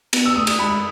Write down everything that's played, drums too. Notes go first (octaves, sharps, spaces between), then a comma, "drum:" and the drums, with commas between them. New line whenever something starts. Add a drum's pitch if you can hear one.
B3, drum: cymbal
E6
A3 D#6
drum: cymbal
G#3 B5